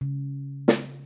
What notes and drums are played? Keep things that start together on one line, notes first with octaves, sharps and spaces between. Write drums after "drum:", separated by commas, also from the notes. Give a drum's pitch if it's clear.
C#3
drum: snare